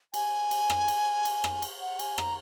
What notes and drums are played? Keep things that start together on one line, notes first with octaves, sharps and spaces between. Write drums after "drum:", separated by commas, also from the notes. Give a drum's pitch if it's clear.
G#5, drum: cymbal
drum: cymbal
drum: rim click
drum: cymbal
drum: cymbal
drum: rim click
drum: cymbal
F#5
G#5, drum: cymbal
A#5, drum: rim click